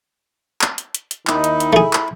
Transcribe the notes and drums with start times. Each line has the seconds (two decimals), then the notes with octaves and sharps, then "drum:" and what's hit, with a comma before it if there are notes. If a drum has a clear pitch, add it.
0.62 drum: clap
0.78 drum: hi-hat
0.94 drum: hi-hat
1.11 drum: hi-hat
1.27 D#2 D#3 D#4 E4, drum: clap
1.44 drum: hi-hat
1.60 drum: hi-hat
1.73 A3 G#4
1.93 drum: clap